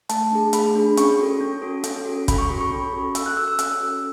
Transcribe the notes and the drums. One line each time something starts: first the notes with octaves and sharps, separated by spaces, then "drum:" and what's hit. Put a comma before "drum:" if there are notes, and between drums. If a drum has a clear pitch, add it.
A3 A5, drum: hi-hat
D4 G#4
A3 B5, drum: hi-hat
D4 G#4
C#4 C#6, drum: hi-hat
F#4 A4
C#4
F#4 A4
C#4, drum: hi-hat
F#4 A4
C#4 B5, drum: kick, hi-hat
C#6
F#4 A4 B5
C#6
C#4
F#4 A4
C#4 E6, drum: hi-hat
F#6
F#4 A4 E6
E6
C#4 E6, drum: hi-hat
F#4 A4